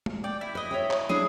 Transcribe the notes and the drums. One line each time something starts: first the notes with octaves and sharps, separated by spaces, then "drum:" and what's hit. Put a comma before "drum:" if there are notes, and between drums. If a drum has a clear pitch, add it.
drum: tom G#3
D5 G5
E4
E4 B4 D#5
C#5 E5 G5
drum: clap
D4 E4 G#4 D5